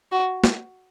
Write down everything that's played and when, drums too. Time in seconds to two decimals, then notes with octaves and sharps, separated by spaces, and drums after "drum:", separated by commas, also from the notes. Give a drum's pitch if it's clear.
0.12 F#4
0.44 drum: snare